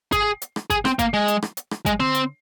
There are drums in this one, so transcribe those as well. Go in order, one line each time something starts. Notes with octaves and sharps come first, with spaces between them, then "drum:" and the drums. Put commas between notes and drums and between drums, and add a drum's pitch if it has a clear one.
G#4, drum: kick, hi-hat
drum: hi-hat
drum: rim click
G#4, drum: kick, hi-hat
C4, drum: rim click
A#3, drum: kick, hi-hat
G#3
drum: hi-hat
drum: rim click
drum: hi-hat
drum: rim click
G#3, drum: kick, hi-hat
C4, drum: tom D3
drum: hi-hat